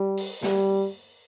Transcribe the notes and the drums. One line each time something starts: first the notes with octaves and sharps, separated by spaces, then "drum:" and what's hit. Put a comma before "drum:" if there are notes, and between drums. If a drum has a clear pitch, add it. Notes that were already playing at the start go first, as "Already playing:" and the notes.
Already playing: G3
drum: open hi-hat
G3, drum: snare